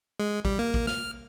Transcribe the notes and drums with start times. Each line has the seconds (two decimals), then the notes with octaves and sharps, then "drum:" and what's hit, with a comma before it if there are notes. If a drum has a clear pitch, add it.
0.20 G#3
0.45 G3, drum: kick
0.59 A#3
0.74 drum: kick
0.87 F6, drum: snare